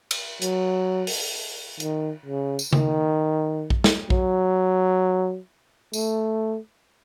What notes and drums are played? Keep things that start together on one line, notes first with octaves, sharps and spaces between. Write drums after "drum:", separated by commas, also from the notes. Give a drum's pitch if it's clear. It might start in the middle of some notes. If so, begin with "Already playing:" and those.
drum: cymbal
F#3, drum: hi-hat
drum: open hi-hat
D#3, drum: hi-hat
C#3
drum: tambourine
D#3, drum: tom C#3
drum: kick A#1
drum: snare
F#3, drum: kick A#1
A3, drum: tambourine